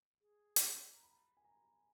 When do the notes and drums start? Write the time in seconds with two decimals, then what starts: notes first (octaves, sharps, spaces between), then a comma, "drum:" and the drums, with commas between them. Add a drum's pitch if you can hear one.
0.21 G#4
0.56 drum: hi-hat
0.93 A#5
1.03 B5
1.37 G#5
1.44 A#5